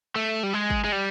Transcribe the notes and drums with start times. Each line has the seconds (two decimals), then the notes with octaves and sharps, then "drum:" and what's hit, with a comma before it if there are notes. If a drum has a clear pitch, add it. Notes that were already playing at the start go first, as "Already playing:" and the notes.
0.16 A3
0.43 G3
0.53 G#3
0.70 drum: kick
0.84 G#3
0.92 G3